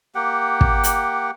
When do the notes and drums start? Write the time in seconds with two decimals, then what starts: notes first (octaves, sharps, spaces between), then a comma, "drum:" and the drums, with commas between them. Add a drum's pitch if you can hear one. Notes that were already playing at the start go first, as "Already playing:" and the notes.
0.15 A#3 G4 F#5 G5
0.61 drum: kick
0.84 drum: hi-hat